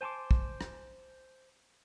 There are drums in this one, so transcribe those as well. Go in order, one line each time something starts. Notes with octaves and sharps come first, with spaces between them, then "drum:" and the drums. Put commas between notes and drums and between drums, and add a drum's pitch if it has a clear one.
C5 G#5 A5 C6 D6
drum: kick
drum: rim click